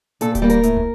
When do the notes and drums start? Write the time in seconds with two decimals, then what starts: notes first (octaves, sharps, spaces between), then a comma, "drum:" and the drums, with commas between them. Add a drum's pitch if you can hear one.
0.21 A#2 A4, drum: hi-hat
0.35 G4, drum: kick D1, hi-hat
0.42 G3 A#3
0.50 A#4, drum: hi-hat
0.63 A2, drum: hi-hat
0.77 drum: tom